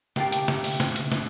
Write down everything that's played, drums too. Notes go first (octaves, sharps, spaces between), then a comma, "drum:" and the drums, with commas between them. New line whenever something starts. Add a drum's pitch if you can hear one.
G4 A#4 F5 A5, drum: snare
drum: hi-hat
drum: snare
drum: open hi-hat
drum: snare
drum: hi-hat
drum: snare